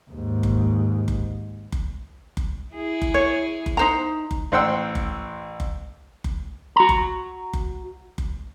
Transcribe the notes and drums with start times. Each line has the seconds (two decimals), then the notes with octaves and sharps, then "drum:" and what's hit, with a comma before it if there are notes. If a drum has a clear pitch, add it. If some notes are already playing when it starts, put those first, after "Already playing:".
0.11 D#2 G#2
0.43 drum: kick F#1
1.08 drum: kick F#1
1.72 drum: kick F#1
2.37 drum: kick F#1
2.75 E4 G#4
3.02 drum: kick F#1
3.14 C#5
3.66 drum: kick F#1
3.77 D#4 C5 A#5
4.31 drum: kick F#1
4.52 A1 C5 F#5 G5 E6
4.95 drum: kick F#1
5.60 drum: kick F#1
6.24 drum: kick F#1
6.76 F#4 A#5
6.89 drum: kick F#1
7.53 drum: kick F#1
8.18 drum: kick F#1